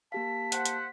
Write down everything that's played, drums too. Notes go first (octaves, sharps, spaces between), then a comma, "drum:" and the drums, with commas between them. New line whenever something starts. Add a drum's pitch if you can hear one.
A#3 G4 F5 A5 B6
C5 F#5, drum: hi-hat
drum: hi-hat